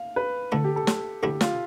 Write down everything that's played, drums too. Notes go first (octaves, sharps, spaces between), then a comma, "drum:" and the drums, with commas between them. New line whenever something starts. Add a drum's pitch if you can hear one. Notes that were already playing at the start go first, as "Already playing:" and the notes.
Already playing: F5
B4
D2 D3 A3 E4 A4
G4
A4
drum: snare
D2 D3 A3 E4 G4
F4, drum: snare